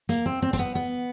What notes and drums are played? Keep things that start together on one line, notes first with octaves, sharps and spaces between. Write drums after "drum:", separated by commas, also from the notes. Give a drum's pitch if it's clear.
A#3, drum: hi-hat
C4
C4
C4, drum: kick, hi-hat
B3
B3